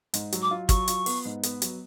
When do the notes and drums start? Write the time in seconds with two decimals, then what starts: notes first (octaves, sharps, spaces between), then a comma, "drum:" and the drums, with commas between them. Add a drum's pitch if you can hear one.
0.14 G#2, drum: hi-hat
0.32 F#3, drum: hi-hat
0.42 D6
0.51 F4
0.69 F#3 C#6, drum: kick, hi-hat
0.88 F4, drum: hi-hat
1.06 B3, drum: open hi-hat
1.25 G#2
1.43 B3, drum: hi-hat
1.62 F#3, drum: hi-hat